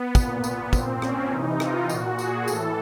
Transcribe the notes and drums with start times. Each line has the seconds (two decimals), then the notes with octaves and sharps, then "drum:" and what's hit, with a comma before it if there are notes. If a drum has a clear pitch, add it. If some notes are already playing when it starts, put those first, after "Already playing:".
Already playing: B3
0.15 A#2, drum: kick, tambourine
0.44 B3, drum: tambourine
0.73 A#2 C4, drum: kick, tambourine
1.02 C#4, drum: rim click
1.31 C3 E3 D#4
1.60 F4, drum: rim click
1.89 A#2 F#4, drum: tambourine
2.18 G#4, drum: tambourine
2.48 A2 E3 A4, drum: tambourine